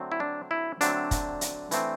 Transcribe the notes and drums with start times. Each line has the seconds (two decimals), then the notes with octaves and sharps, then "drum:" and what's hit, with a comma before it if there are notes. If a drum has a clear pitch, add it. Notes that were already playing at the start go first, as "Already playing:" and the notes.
Already playing: D3 F#3 A3 C4
0.12 E4
0.20 D4
0.51 E4
0.81 D3 F#3 A3 C4 D4, drum: hi-hat
1.11 drum: kick, hi-hat
1.41 drum: hi-hat
1.71 E3 A3 C4, drum: hi-hat